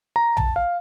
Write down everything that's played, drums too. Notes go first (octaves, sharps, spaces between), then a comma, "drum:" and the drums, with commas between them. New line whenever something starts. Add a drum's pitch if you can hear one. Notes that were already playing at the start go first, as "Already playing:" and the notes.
A#5
A5, drum: tom B1
F5